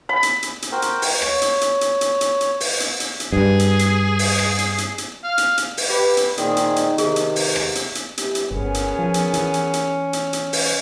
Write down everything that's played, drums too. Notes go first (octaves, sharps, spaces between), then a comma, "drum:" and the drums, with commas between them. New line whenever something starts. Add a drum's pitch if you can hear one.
B5
drum: hi-hat
drum: hi-hat
drum: hi-hat
F#4 A#4 C5 G5
drum: hi-hat
drum: open hi-hat
C#5, drum: rim click
drum: hi-hat
drum: hi-hat
drum: hi-hat
drum: hi-hat
drum: hi-hat
drum: hi-hat
drum: open hi-hat
drum: hi-hat
drum: hi-hat
drum: hi-hat
G2 G#4
drum: hi-hat
drum: hi-hat
drum: open hi-hat
drum: rim click
drum: hi-hat
drum: hi-hat
drum: hi-hat
F5
drum: hi-hat
drum: hi-hat
drum: open hi-hat
G4 B4
drum: hi-hat
A#2 D#3 C4 D#4 G#4, drum: hi-hat
drum: hi-hat
drum: hi-hat
C3 D#3 G#4, drum: hi-hat
drum: hi-hat
drum: open hi-hat
drum: rim click
drum: hi-hat
drum: hi-hat
F#2 E3 G4, drum: hi-hat
drum: hi-hat
G1 B3 C#4 G#4 A#4
drum: hi-hat
F3
drum: hi-hat
E3, drum: hi-hat
drum: hi-hat
drum: hi-hat
drum: hi-hat
drum: hi-hat
drum: open hi-hat